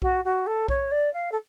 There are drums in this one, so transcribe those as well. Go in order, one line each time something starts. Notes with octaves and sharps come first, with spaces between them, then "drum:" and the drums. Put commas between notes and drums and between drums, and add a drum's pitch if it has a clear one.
F#4, drum: kick B1
F#4
A4
C#5, drum: kick B1
D5
F5
A4